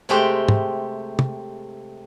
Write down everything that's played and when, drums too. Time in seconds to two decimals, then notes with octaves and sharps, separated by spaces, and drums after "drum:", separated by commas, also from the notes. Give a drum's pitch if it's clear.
0.09 C3 G#3 A3 G4 C5 G5
0.48 drum: tom
1.19 drum: tom